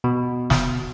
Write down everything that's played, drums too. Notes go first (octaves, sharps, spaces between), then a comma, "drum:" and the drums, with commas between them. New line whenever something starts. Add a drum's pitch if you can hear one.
B2
drum: snare